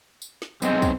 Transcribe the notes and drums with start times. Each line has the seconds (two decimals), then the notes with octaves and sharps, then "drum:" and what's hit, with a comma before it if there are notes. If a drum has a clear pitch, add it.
0.22 drum: tambourine
0.42 drum: snare
0.62 B1 C3 G#3 C4, drum: tambourine
0.82 drum: kick, tambourine